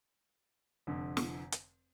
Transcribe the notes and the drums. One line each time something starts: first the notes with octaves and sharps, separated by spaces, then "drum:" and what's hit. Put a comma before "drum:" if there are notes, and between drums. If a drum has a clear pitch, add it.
F1 F2 D3
drum: snare
drum: hi-hat